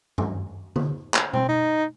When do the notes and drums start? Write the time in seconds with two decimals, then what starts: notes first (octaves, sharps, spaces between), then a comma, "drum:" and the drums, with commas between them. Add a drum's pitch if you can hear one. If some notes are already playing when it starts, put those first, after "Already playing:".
0.18 drum: tom G2
0.76 drum: tom
1.14 drum: clap
1.33 C4, drum: tom B2
1.49 D#4